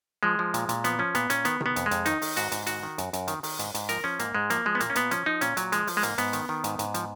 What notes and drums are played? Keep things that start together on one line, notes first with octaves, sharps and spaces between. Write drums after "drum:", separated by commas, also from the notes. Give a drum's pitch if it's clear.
F3 G#3
F3
A#2, drum: hi-hat
A#2, drum: hi-hat
F3 B3, drum: hi-hat
F3 C#4
A#2 B3, drum: hi-hat
A#2 C#4, drum: hi-hat
D#3 B3, drum: hi-hat
D#3, drum: tom C3
B3
F2, drum: hi-hat
G#3
F2, drum: hi-hat
D#3 D#4, drum: hi-hat
D#3, drum: open hi-hat
G#2 F#4, drum: hi-hat
G#2, drum: hi-hat
D#3 F#4, drum: hi-hat
D#3
F#2, drum: hi-hat
F#2, drum: hi-hat
D#3, drum: hi-hat
D#3, drum: open hi-hat
G#2, drum: hi-hat
G#2, drum: hi-hat
F3 A#4, drum: hi-hat
F3 C#4
G#2 A#3, drum: hi-hat
G#2 G#3
F3 A#3, drum: hi-hat
F3 G#3
B3
A#2 A#3, drum: hi-hat
C#4
A#2 B3, drum: hi-hat
F3 C#4, drum: hi-hat
F3 D#4
A#2 C#4, drum: hi-hat
A#2 F#3, drum: hi-hat
F3 G#3, drum: hi-hat
F3, drum: open hi-hat
G#3
G#2 A#3, drum: hi-hat
G#2 B3, drum: hi-hat
D#3, drum: hi-hat
D#3
G#2, drum: hi-hat
G#2, drum: hi-hat
F3, drum: hi-hat